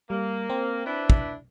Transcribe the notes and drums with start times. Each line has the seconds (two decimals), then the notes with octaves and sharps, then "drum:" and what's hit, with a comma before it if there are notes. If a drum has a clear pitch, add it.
0.10 G3 A#3
0.50 C4
0.86 D4 E4 B4
1.10 drum: kick